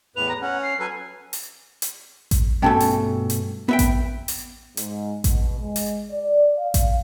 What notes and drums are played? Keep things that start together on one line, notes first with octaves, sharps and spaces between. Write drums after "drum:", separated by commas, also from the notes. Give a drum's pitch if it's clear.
E2 A2 B4 F7
A#5
C#4 F#5
C7
F#3 A4 B4 G#5
drum: open hi-hat
drum: hi-hat
drum: kick A1, hi-hat
G2 B2 A3 C#4 G5 A5
drum: open hi-hat
drum: hi-hat
B3 E5 G5
drum: kick A1, hi-hat
drum: open hi-hat
G#2, drum: hi-hat
B2, drum: kick A1, hi-hat
G#3
drum: open hi-hat
D5
F5
drum: kick A1, hi-hat